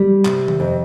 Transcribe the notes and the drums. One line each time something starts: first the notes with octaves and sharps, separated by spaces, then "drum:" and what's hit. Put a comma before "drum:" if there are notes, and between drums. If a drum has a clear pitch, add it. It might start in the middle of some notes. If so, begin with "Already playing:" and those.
Already playing: G3
C3, drum: clap
drum: tom D#3
F2